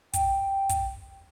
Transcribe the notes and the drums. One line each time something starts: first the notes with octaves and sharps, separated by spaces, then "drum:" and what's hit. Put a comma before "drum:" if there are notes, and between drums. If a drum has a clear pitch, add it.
G5, drum: kick, hi-hat
drum: kick, hi-hat